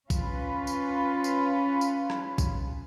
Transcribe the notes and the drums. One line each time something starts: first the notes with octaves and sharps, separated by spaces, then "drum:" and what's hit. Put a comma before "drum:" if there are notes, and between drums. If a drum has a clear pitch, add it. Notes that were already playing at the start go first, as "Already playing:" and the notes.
C#4 F4 B4, drum: kick A#1, tambourine
drum: tambourine
drum: tambourine
drum: tambourine
drum: rim click
drum: kick A#1, tambourine